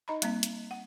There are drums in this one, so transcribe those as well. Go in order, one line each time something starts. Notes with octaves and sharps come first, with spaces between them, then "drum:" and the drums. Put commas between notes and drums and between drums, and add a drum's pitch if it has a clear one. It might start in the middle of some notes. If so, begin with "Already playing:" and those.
D#4 D#5 A#5 B5
G3 A#3 C4, drum: hi-hat
drum: hi-hat
F#5